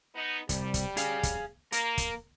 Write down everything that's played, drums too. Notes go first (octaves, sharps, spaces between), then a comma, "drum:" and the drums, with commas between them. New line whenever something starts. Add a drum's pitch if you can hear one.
B3 D#4
C2 G3, drum: kick, hi-hat
drum: kick, hi-hat
G#4 F5, drum: hi-hat
drum: kick, hi-hat
A#3 A#4, drum: hi-hat
drum: kick, hi-hat